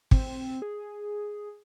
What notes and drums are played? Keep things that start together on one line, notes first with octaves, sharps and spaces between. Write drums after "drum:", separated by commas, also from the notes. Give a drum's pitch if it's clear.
C4, drum: kick
G#4